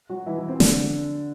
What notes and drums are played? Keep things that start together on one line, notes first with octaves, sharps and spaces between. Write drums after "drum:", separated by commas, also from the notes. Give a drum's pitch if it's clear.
F#3 F#4
E3 E4
E3 E4
C4
D3 D4, drum: snare